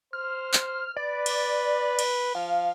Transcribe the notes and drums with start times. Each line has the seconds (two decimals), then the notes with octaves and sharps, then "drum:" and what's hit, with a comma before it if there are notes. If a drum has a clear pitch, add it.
0.13 C5 F6
0.53 drum: clap
0.97 B4 D5
1.26 drum: cymbal
1.99 drum: cymbal
2.35 F3 F5